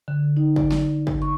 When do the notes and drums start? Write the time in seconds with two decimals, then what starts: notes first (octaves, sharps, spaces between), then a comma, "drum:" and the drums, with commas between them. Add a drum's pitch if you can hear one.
0.08 D3
0.37 D#4
0.56 D5, drum: kick
0.72 drum: snare
1.07 drum: kick
1.22 C#6